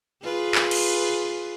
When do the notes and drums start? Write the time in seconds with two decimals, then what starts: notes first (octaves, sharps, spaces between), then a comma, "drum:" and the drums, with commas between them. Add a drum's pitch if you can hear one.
0.24 F4 G#4 B4
0.55 drum: clap
0.71 drum: cymbal